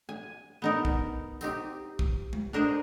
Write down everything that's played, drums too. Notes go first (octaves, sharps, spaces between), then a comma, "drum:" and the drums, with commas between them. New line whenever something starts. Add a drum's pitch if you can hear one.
G#5
B3 D#4 A#4
drum: kick
C4 D#4 G4, drum: tambourine
drum: kick
drum: tom G#3
D4 A#4 C5 D#5